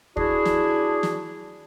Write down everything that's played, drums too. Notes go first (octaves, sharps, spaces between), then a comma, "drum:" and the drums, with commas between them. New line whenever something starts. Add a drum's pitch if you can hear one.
D4 E4 F#4 G#4, drum: kick
drum: snare
drum: snare